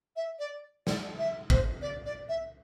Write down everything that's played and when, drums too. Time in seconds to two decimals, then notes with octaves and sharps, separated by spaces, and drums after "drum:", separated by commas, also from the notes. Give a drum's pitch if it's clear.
0.16 E5
0.39 D5
0.87 D5, drum: snare
1.19 E5
1.50 C5, drum: kick
1.82 D5
2.06 D5
2.29 E5